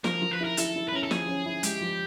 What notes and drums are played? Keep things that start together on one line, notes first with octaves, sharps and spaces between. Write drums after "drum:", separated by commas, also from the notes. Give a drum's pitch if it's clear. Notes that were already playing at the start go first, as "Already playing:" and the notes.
F3 A#4, drum: snare
F3
B4
E4 A#4
E4 A4, drum: hi-hat
E4
B4
C#4 A#4
A4
F3 G#4, drum: snare
C#4
E4
G#3 G4, drum: hi-hat
F3